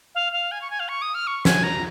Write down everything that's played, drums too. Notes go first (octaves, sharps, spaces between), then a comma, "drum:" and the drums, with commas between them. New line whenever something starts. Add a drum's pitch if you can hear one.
F5
F5
G#5
C#6
G#5
F5
C#6
D#6
F6
C#6
G#5, drum: snare
A#5